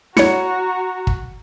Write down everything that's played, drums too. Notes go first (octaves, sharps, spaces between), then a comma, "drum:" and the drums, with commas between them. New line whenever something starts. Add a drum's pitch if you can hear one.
E4 F#4 C#5 A#5 C#7, drum: snare
drum: kick